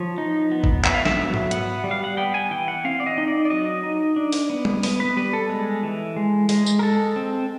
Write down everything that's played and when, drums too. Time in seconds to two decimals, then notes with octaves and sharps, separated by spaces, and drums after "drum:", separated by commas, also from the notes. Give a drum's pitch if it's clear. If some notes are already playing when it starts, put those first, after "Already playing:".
Already playing: F3 C#5
0.18 D#4
0.51 B3
0.64 drum: kick G#1
0.85 B3 E5, drum: clap
0.94 F5
1.05 E5, drum: snare
1.17 F#3
1.34 drum: tom G#2
1.51 B3 F#5, drum: hi-hat
1.84 G3
1.91 F5
2.04 F#5
2.17 B3 G5
2.34 G#5
2.51 E3 G5
2.68 F#5
2.85 C4 F5
3.00 D5
3.06 D#5
3.18 D#4
3.28 D5
3.45 D5
3.50 F#3 D#5
3.83 D#4
4.16 D4
4.32 drum: open hi-hat
4.50 B3
4.65 drum: tom G3
4.83 B3, drum: open hi-hat
5.00 B4
5.17 G3 B4
5.33 A4
5.49 G#3
5.83 E3
6.16 G#3
6.49 G#3, drum: open hi-hat
6.66 drum: tambourine
6.79 A#4
6.83 G#3 A4
7.16 C4